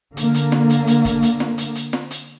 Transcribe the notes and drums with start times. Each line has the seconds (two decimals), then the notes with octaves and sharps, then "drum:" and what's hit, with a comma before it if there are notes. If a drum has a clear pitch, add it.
0.17 D3 A#3, drum: hi-hat
0.34 drum: hi-hat
0.52 drum: snare
0.70 drum: hi-hat
0.87 drum: hi-hat
1.05 drum: kick, hi-hat
1.23 drum: hi-hat
1.40 drum: snare
1.58 drum: hi-hat
1.75 drum: hi-hat
1.93 drum: snare
2.11 drum: hi-hat